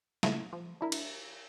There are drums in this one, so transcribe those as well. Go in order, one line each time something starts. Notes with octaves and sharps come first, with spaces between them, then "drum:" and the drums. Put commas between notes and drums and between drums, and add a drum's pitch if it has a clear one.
A#2 C#3 F3 A3 E4, drum: snare
F3
D4 E4 A#4
drum: cymbal